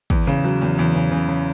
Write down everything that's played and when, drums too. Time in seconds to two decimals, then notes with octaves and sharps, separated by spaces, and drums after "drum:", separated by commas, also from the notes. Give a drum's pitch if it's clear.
0.10 E2, drum: kick
0.27 C#3
0.44 F#3
0.62 E2
0.79 E2
0.95 C#3
1.12 C#3
1.29 C#3